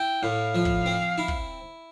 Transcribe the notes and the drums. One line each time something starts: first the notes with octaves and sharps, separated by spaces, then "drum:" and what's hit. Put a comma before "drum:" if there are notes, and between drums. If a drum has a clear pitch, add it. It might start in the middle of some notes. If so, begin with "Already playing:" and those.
Already playing: E4 G5
A2 F5
F3
drum: kick
C4
E4
drum: kick